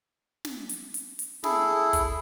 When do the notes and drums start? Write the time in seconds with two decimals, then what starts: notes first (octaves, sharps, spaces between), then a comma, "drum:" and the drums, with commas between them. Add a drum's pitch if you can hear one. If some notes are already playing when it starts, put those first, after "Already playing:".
0.45 drum: snare
0.69 drum: hi-hat
0.94 drum: hi-hat
1.19 drum: hi-hat
1.44 E4 G#4 A4, drum: snare
1.93 drum: kick, hi-hat